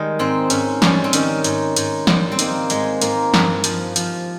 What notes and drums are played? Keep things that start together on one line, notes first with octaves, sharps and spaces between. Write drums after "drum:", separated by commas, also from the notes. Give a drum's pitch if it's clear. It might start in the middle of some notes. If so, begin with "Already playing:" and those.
Already playing: D#3 G3 G#3
G#2 C4
G#2 C#4, drum: hi-hat
G3 C#4, drum: snare
C4
D#3 C#4, drum: hi-hat
G#2, drum: hi-hat
G#2, drum: hi-hat
G3, drum: snare
C4
D#3 A#3, drum: hi-hat
G#2 G#3, drum: hi-hat
G#2 A#3, drum: hi-hat
G2, drum: snare
F3, drum: hi-hat
F3, drum: hi-hat